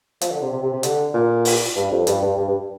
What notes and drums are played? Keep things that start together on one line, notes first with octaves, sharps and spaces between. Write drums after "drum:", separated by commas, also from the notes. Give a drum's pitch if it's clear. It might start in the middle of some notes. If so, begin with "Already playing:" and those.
F3, drum: hi-hat
D3
C3
C3
C3
C3
D3, drum: hi-hat
A#2
drum: open hi-hat
G2
F2
G2, drum: hi-hat
G2
G2
G2